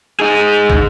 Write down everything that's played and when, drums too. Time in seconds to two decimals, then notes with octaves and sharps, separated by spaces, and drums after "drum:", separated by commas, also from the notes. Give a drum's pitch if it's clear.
0.20 D#4 G#4
0.70 drum: kick